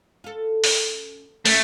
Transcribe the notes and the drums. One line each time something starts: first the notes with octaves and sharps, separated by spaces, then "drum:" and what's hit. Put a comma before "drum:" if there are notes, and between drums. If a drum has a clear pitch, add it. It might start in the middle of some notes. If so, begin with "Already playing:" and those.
F4 A4
C#4, drum: open hi-hat
F#2 F#3 A3 C#4, drum: open hi-hat